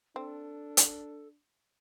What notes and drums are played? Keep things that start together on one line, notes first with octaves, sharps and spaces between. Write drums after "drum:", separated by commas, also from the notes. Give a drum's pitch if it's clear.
C4 D4 A4
drum: hi-hat